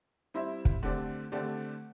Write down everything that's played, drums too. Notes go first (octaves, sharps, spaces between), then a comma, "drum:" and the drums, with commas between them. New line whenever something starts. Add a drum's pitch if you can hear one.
G3 C4 E4 C5 E5
drum: kick
D3 A3 C4 G4 D5
D3 A3 C4 G4 D5